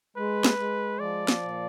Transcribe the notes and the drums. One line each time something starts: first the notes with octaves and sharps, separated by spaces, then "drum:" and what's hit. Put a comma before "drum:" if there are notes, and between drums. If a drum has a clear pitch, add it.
G#3 B4
drum: snare
G#3
F3 D5
drum: snare
A#2